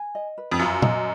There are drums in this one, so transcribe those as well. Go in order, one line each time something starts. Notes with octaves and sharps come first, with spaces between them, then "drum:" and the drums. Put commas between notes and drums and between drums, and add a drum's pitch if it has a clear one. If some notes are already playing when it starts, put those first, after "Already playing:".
Already playing: G#5
D#5
B4
F2
F#2 F4
D#5, drum: tom